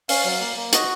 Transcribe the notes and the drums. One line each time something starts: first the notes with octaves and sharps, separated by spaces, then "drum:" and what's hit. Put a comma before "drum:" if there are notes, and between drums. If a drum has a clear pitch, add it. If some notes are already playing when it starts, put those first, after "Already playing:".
C#4 F5, drum: open hi-hat
F#3
A#3
A#3
F#4 D#5, drum: hi-hat